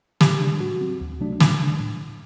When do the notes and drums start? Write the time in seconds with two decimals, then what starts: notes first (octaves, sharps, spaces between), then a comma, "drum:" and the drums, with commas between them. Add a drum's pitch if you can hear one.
0.21 A2 G4, drum: snare
0.40 G3 D4
0.60 A2 F#4
0.81 F#3 C4
1.01 D2
1.21 C3 F#3 A3 D4
1.40 A2, drum: snare
1.60 G3 D4
1.79 A2